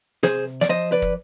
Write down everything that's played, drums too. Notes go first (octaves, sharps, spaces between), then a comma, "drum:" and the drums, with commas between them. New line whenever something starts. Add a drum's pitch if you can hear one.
C3 G#4 C5, drum: snare
D5, drum: snare
F3 C5 D#5
B4 D5
drum: kick